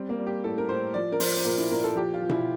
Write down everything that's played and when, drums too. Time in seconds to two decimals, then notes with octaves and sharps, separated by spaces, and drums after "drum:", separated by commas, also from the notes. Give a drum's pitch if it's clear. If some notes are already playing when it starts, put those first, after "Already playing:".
Already playing: G3 C4
0.09 A#3
0.19 G3
0.27 G4
0.44 A2 A4
0.58 A#4
0.69 A2 C5
0.94 F3 D5
1.12 A#4
1.20 F3 C5, drum: open hi-hat
1.37 C5
1.45 A#2 A#4
1.58 E4
1.70 A#2 A#4
1.84 A4
1.96 F3 G4
2.14 F4
2.22 F3
2.29 E4, drum: tom B2